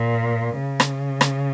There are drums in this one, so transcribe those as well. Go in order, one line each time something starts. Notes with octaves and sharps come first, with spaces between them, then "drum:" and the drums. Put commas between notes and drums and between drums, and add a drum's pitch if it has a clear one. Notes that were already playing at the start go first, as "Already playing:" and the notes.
Already playing: A#2
C#3
drum: rim click
drum: rim click